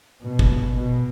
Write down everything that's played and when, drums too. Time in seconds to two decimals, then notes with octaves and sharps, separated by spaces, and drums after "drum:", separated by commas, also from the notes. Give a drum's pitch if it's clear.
0.22 B2
0.39 drum: kick
0.75 B2